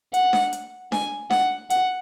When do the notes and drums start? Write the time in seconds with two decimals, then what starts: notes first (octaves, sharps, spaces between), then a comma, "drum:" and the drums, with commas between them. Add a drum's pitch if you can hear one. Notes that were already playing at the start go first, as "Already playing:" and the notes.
0.14 F#5, drum: hi-hat
0.33 drum: snare D4
0.53 drum: hi-hat
0.92 G#5, drum: snare D4
1.31 F#5, drum: snare D4
1.70 F#5, drum: hi-hat